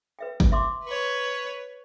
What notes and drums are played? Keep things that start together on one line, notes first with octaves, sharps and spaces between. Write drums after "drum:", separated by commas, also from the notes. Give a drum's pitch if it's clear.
B4 E5 G5
drum: kick
E5 C6 D6
B4 C#5